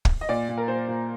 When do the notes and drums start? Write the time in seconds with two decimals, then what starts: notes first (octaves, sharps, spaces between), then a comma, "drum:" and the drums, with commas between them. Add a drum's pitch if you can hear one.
0.05 drum: kick
0.21 D#5
0.29 A#2 D5
0.49 A#2
0.58 A#4
0.68 A#2 C5
0.88 A#2